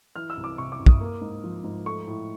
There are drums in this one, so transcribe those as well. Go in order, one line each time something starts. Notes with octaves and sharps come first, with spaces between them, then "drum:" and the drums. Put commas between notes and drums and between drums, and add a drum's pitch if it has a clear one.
E3 F6
E6
C2
D6
C3 C#6
D6
C2
D#6, drum: kick
A#3
G#2
F3
G#2
A3 C#6
A2